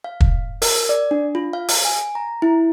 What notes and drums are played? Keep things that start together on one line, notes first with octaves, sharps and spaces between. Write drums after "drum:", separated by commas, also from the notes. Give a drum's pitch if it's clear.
F5
drum: kick
A#4, drum: open hi-hat
D5
D4
F4
F5
drum: open hi-hat
G#5
A#5
E4